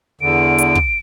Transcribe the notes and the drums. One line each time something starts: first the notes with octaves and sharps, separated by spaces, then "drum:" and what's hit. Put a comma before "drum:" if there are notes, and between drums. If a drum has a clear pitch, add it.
E2 D3 D7
drum: hi-hat
drum: kick